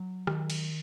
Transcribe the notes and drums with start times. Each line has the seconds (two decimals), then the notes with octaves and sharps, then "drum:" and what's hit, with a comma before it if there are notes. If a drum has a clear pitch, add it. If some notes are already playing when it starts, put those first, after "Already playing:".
Already playing: F#3
0.27 D#3, drum: rim click
0.50 drum: cymbal